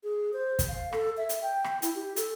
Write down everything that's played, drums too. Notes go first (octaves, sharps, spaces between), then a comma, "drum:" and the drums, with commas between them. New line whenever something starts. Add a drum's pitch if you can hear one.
G#4
C5
drum: kick, hi-hat
F5
A4, drum: rim click
E5
drum: hi-hat
G5
drum: rim click
E4, drum: hi-hat
G4
A4, drum: hi-hat